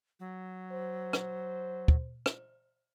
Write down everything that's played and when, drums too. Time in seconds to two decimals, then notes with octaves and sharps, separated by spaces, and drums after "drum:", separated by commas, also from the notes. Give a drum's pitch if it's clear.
0.20 F#3
0.72 C5
1.13 drum: rim click
1.88 drum: kick
2.26 drum: rim click